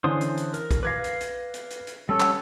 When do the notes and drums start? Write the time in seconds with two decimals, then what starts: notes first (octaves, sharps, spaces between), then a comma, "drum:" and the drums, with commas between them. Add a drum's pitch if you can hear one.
0.04 D3 E3 C#4 C5 C6 D#6
0.21 drum: hi-hat
0.37 drum: hi-hat
0.54 A#4, drum: hi-hat
0.71 drum: kick A#1, hi-hat
0.83 B4 F5 D6 G#6 A#6
1.04 drum: hi-hat
1.20 drum: hi-hat
1.54 drum: hi-hat
1.70 drum: hi-hat
1.87 drum: hi-hat
2.09 G3 C#4 A4 C#5
2.20 drum: clap